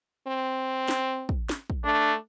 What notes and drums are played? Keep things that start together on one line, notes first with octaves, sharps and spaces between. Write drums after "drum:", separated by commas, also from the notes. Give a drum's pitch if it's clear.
C4
drum: snare
drum: kick
drum: snare
drum: kick
A3 D4